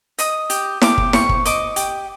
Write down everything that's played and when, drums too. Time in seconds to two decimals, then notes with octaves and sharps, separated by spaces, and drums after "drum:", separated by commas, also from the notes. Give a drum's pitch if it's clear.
0.18 D#5 D#6, drum: hi-hat
0.50 G4, drum: hi-hat
0.81 G4 D6, drum: snare E4
0.98 drum: kick
1.13 C5 C#6, drum: snare E4
1.29 drum: kick
1.45 D#5 D6, drum: hi-hat
1.76 G4, drum: hi-hat